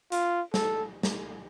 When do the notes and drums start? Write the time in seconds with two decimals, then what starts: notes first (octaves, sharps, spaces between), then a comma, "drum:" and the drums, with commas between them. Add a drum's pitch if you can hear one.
0.12 F4, drum: hi-hat
0.54 A4, drum: snare
1.03 drum: snare